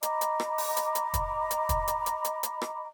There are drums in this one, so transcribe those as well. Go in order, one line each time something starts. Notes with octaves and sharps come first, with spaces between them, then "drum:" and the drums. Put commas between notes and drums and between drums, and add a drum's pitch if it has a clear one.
D#5 A#5 B5 D6, drum: hi-hat
drum: hi-hat
drum: rim click
drum: open hi-hat
drum: hi-hat
drum: hi-hat
drum: kick, hi-hat
drum: hi-hat
drum: kick, hi-hat
drum: hi-hat
drum: hi-hat
drum: hi-hat
drum: hi-hat
drum: rim click